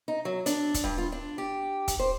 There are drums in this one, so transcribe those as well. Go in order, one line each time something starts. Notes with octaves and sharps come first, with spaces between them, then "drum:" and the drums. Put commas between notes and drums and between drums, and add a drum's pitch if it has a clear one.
D#4
F#3
D4, drum: hi-hat
drum: kick, hi-hat
G2
F4
D4
G4
drum: kick, hi-hat
C5